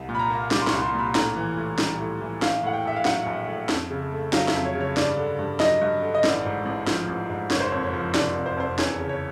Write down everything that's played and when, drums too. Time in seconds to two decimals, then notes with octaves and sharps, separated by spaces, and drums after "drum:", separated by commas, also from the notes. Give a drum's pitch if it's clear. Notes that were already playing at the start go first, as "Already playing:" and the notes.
Already playing: C2
0.09 A#2
0.15 B5
0.19 A#5
0.30 A#3
0.51 G3 D6, drum: snare
0.62 C6
0.67 C#6, drum: snare
0.73 C2
0.82 C6
0.93 A#2
0.99 B5
1.15 A2 A#5, drum: snare
1.36 E3
1.57 A2
1.78 G3, drum: snare
1.99 A2
2.21 E3
2.42 A#1 F5, drum: snare
2.63 A2 F#5
2.73 G5
2.85 A#1 E5
2.96 F5
3.05 F#3 F#5, drum: snare
3.26 A#1
3.47 A2
3.69 F2, drum: snare
3.90 C#3
4.12 A3
4.33 F#3 F5, drum: snare
4.48 E5, drum: snare
4.54 F2
4.65 C#5
4.75 C#3
4.81 C#5
4.97 G2 D5, drum: snare
5.17 D3
5.39 G2
5.60 F#3 D#5, drum: snare
5.81 G2
6.02 D3
6.15 D#5
6.24 A1 D5, drum: snare
6.45 G#2
6.65 A1
6.87 F3, drum: snare
7.08 A1
7.30 G#2
7.50 F#1 C#5, drum: snare
7.60 C5
7.70 F2 C#5
7.83 C#5
7.93 F3
8.14 C3 D5, drum: snare
8.36 F#1
8.46 C5
8.57 F2 C5
8.78 E2 C#5, drum: snare
8.99 C#3
9.09 C#5